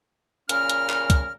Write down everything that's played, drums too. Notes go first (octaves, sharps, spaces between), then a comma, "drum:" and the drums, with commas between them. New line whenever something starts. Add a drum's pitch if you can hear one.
A#2 C#3 C#4 A#4 F6, drum: hi-hat
drum: hi-hat
drum: clap
drum: kick, hi-hat